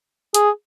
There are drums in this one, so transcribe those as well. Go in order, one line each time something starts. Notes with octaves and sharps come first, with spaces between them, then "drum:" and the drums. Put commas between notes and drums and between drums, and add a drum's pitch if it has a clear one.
G#4, drum: hi-hat